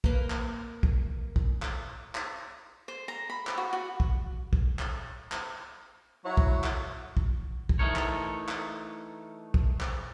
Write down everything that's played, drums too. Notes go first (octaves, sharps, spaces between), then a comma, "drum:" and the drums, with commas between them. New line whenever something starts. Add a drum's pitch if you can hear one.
A#3 B4, drum: kick
drum: clap
drum: kick
drum: kick
drum: clap
drum: clap
C5
A#5
B5
drum: clap
F#4
F#4
drum: kick
drum: kick
drum: clap
drum: clap
F#3 E4 F#4 C#5 F#5
drum: kick
drum: clap
drum: kick
drum: kick
E3 A3 D#4 A#4 C#5
drum: clap
drum: clap
drum: kick
drum: clap